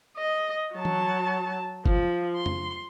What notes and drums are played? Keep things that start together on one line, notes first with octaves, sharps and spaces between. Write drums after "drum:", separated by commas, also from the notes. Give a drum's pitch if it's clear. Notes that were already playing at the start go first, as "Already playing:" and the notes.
D#5
F#3 A5
drum: tom E3
F3, drum: kick
C6
drum: tom